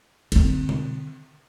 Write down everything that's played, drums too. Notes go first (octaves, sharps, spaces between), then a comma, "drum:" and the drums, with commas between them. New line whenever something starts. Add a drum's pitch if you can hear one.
D3 C4, drum: cymbal
drum: tom B2